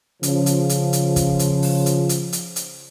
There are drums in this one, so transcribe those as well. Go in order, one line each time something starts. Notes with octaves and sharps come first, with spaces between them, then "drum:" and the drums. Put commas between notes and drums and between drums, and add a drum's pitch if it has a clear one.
C#3 F3, drum: hi-hat
drum: hi-hat
drum: hi-hat
drum: hi-hat
drum: kick, hi-hat
drum: hi-hat
drum: open hi-hat
drum: hi-hat
drum: hi-hat
drum: hi-hat
drum: hi-hat